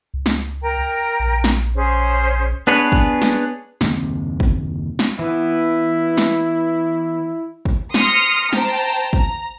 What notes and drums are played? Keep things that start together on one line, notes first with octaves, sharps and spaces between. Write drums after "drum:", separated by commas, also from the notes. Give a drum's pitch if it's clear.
C#2
drum: snare
A#4 G5 A#5
A#1
drum: snare
C#4 G#4 C5
B3 D4 G#4 B4 C#5
drum: kick
drum: snare
F#1 D#2 C3 C4, drum: snare
drum: kick
drum: snare
E3 B3 E4
drum: snare
drum: kick
C6 D#6 F6 A#6 C#7, drum: snare
C5 G5 A5 A#5, drum: snare
A#5, drum: kick